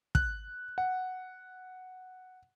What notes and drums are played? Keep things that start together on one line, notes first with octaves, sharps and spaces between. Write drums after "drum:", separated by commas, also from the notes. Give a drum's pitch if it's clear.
F#6, drum: kick
F#5